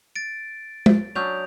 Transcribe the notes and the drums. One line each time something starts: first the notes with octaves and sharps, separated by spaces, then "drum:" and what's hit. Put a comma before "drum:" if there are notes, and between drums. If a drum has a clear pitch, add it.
A6 D7
drum: tom G#3
F#3 C#4 D4 D#6 G6 F7